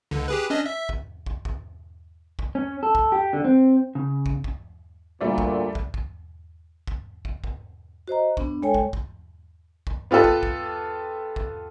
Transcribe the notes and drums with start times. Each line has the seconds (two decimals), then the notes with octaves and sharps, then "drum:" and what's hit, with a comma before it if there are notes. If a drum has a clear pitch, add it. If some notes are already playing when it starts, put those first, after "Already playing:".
0.11 C#2 D3
0.28 G4 G#4 B4
0.50 C#4 D4 D#5
0.66 E5
0.89 drum: kick
1.26 drum: kick
1.45 drum: kick
2.39 drum: kick
2.55 C#4
2.83 A4
2.95 drum: kick
3.12 G4
3.33 D3
3.44 C4
3.95 C#3
4.26 drum: kick
4.44 drum: kick
5.21 D2 A#2 G3 A3 D5
5.38 drum: kick
5.75 drum: kick
5.94 drum: kick
6.87 drum: kick
7.25 drum: kick
7.44 drum: kick
8.08 F#4 C5 D#5 A#5
8.37 B3 D4, drum: kick
8.63 G#3 A4 C#5 G5 G#5
8.74 drum: kick
8.93 drum: kick
9.87 drum: kick
10.11 B3 F4 G4 A4 B4
10.24 drum: kick
10.43 drum: kick
11.36 drum: kick